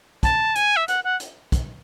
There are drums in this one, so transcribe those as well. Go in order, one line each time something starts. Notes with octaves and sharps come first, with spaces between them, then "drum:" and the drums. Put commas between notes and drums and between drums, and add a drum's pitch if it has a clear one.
A5, drum: kick, hi-hat
G#5, drum: hi-hat
E5
F#5, drum: hi-hat
F#5
drum: hi-hat
drum: kick, hi-hat